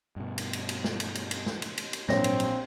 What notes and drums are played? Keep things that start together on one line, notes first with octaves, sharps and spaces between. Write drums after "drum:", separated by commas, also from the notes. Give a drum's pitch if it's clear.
G2 B2
drum: cymbal
drum: cymbal
drum: cymbal
drum: snare
drum: cymbal
drum: cymbal
drum: cymbal
drum: snare
drum: cymbal
drum: cymbal
drum: cymbal
A#1 G#2 F#3 A#3 C4 C#5 A#6, drum: snare
drum: cymbal
drum: cymbal